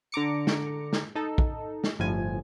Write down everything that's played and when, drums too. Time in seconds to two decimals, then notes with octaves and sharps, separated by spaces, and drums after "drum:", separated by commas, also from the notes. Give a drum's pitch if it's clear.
0.12 D3 A#5 D6 C#7
0.47 drum: snare
0.93 drum: snare
1.15 D#4 A4
1.38 drum: kick A#1
1.84 drum: snare
1.99 G1 A2 F3 G#5